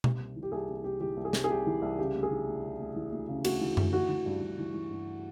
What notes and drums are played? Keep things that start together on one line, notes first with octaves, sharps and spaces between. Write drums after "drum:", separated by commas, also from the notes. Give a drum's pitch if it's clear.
C3, drum: tom B2
C2
E3
G4
C2 G#4
C3
C2 G4
E3 G4
C2
G#4
C3, drum: snare
G#4
C2 G4
E3
C2
C#3 G4
D2
G#4
E3
D2
C#3
D2
E3
D2
C#3
D2 F#4, drum: cymbal
E3
D2, drum: tom F#2
E3 F#4
E3
G2
G2
E3
E3
G2